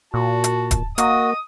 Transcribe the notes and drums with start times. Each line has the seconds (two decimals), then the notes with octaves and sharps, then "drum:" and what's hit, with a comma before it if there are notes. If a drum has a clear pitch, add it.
0.14 A#2 F#4 A5
0.44 drum: hi-hat
0.71 drum: kick D1, hi-hat
0.98 A#3 F#4 D#5 D#6, drum: hi-hat